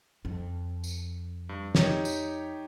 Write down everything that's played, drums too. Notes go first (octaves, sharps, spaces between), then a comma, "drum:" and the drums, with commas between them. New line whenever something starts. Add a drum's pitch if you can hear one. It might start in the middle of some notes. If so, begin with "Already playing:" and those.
F2
drum: tambourine
G2
D#4 G4 C#5, drum: snare
drum: tambourine